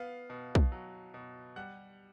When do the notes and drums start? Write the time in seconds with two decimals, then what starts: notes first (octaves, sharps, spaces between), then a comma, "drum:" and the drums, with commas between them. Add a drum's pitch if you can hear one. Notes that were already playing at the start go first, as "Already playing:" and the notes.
Already playing: B3 F5
0.30 B2
0.55 drum: kick
0.72 F#3
1.14 B2
1.56 G3 F#5 F#6